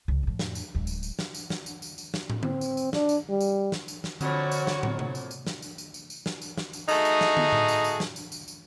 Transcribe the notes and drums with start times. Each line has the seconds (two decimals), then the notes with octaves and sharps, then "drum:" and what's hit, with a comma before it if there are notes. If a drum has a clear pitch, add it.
0.08 C#2
0.23 F2 A2
0.39 drum: snare
0.55 drum: tambourine
0.75 D1 G#3
0.87 drum: tambourine
1.03 drum: tambourine
1.19 drum: snare
1.35 drum: tambourine
1.50 drum: snare
1.66 drum: tambourine
1.82 drum: tambourine
1.98 drum: tambourine
2.14 drum: snare
2.30 drum: tom
2.43 C4, drum: tom
2.61 drum: tambourine
2.77 drum: tambourine
2.93 D4, drum: snare
3.09 drum: tambourine
3.29 G3
3.41 drum: tambourine
3.72 drum: snare
3.88 drum: tambourine
4.04 drum: snare
4.21 F2 A#2 D3 F#4 C#5, drum: tambourine
4.51 drum: tambourine
4.67 drum: snare
4.83 drum: tom
4.99 drum: tom C3
5.15 drum: tambourine
5.31 drum: tambourine
5.47 drum: snare
5.62 drum: tambourine
5.78 drum: tambourine
5.94 drum: tambourine
6.10 drum: tambourine
6.26 drum: snare
6.42 drum: tambourine
6.57 drum: snare
6.73 drum: tambourine
6.88 A3 D#4 F#4 G#4, drum: tambourine
7.05 drum: tambourine
7.21 drum: snare
7.37 drum: tom
7.53 drum: tom A2
7.68 drum: tambourine
7.84 drum: tambourine
8.00 drum: snare
8.16 drum: tambourine
8.32 drum: tambourine
8.48 drum: tambourine